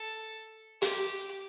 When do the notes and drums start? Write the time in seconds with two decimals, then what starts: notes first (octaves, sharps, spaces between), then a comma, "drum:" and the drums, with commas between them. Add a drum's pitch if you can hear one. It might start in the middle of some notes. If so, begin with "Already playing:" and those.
Already playing: A4
0.82 G4, drum: hi-hat